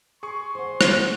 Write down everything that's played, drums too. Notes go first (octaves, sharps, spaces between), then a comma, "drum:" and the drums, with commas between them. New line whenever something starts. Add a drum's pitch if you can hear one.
G#4 C6 C#6
C5 F#5
drum: rim click